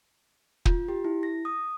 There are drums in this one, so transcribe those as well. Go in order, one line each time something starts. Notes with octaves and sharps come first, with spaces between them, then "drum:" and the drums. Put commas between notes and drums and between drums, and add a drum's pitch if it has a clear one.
F4, drum: kick
G4
E4
A#6
D#6